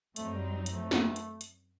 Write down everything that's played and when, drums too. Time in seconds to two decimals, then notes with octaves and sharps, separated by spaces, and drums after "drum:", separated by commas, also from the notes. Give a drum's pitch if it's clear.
0.16 F#2 F#3 A3 C4 D#4, drum: hi-hat
0.34 G3
0.49 G3
0.66 A3, drum: hi-hat
0.91 drum: snare
1.16 drum: hi-hat
1.41 drum: hi-hat